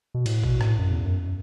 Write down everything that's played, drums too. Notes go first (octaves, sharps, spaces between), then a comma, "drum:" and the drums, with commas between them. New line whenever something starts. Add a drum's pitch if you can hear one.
B2
A2, drum: cymbal
B2, drum: kick
A2, drum: rim click
F#2
E2
F#2